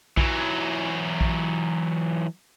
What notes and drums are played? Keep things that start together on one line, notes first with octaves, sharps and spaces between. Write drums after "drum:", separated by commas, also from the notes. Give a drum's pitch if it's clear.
E3 F#3, drum: kick A#1
drum: kick A#1